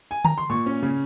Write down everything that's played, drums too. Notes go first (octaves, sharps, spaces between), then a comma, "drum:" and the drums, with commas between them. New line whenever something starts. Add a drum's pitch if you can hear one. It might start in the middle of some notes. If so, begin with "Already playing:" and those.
G#5
A#5, drum: tom D3
C6
A#2 C#6
C#4
C#3